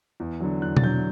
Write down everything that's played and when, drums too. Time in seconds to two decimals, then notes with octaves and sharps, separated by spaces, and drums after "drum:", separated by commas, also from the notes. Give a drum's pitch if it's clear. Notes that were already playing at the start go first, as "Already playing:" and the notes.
0.20 E2
0.40 D3 F#3
0.62 E2 F#6
0.77 A6, drum: tom B2
0.83 D3 F#3 G6